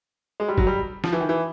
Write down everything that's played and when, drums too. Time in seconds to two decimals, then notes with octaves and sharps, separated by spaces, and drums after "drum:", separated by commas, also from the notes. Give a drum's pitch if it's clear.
0.40 G#3
0.48 G3
0.58 F#3, drum: kick
0.67 G3
1.04 F3, drum: snare
1.13 E3
1.20 D#3
1.29 E3